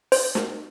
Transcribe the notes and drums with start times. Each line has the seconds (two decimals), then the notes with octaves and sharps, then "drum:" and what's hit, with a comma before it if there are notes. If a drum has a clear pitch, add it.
0.12 C5, drum: open hi-hat
0.35 drum: snare